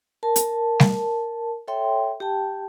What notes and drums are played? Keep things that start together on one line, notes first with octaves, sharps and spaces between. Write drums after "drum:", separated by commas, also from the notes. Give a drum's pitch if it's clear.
A#4 A5
drum: hi-hat
drum: snare G3
A4 C#5 E5 G5 C6
G4 G5 A5